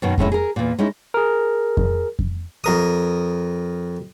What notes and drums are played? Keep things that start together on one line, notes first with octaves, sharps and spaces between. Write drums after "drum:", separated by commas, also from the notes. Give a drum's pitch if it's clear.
F#2 B2 D#3
A2 G#3 A3 C#4 E4, drum: kick F2
G#4 A#4
E2 A#2
G#3 C#4 D#4 E4
G#4 A#4
drum: kick F2
drum: kick F2
F2 A#4 D#6